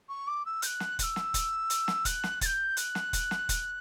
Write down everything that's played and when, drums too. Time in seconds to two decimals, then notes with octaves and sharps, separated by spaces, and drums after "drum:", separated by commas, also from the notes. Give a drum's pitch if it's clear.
0.08 C#6
0.27 D6
0.45 E6
0.62 G6, drum: hi-hat
0.66 F#6
0.80 drum: snare
0.99 F#6, drum: kick, hi-hat
1.02 E6
1.16 drum: snare
1.34 drum: kick, hi-hat
1.70 drum: hi-hat
1.88 drum: snare
2.05 F#6, drum: kick, hi-hat
2.24 drum: snare
2.41 A6, drum: kick, hi-hat
2.45 G6
2.77 F#6, drum: hi-hat
2.95 drum: snare
3.13 drum: kick, hi-hat
3.31 drum: snare
3.49 drum: kick, hi-hat